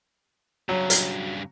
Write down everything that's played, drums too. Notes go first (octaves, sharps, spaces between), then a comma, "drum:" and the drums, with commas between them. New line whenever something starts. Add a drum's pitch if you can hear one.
G2 C#3 F#3
drum: hi-hat